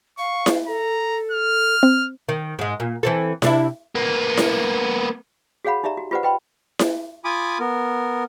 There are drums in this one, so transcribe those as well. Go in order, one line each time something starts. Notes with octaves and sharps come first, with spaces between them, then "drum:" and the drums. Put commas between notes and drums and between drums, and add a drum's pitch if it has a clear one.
F5 C#6
drum: snare E4
A4 A#5
F6
C4
D#3
G#2 G#3
A#2
E3 C4 A4
C3 D4 E4, drum: snare E4
A#3 B3
drum: snare E4
F#4 G#4 C#5 F5 F#5 B5
D#4 G4 D5 E5 A#5
F#4
F4 G4 B4 C5 D5 F#5
B4 D#5 G5 B5 C6
drum: snare E4
F4 G#5 B5 D6 D#6
B3 A#4